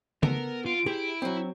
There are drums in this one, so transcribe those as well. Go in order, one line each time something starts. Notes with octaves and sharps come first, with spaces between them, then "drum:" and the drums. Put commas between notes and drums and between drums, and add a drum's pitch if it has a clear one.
B3 A4 A#4, drum: tom C#3
F4 D7
E4 G4 G#4 C5
F#3 C4